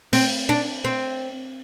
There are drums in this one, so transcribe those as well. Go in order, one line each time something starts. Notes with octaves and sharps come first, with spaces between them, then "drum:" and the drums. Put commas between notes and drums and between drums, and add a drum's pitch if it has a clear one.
C4, drum: open hi-hat
D4
C4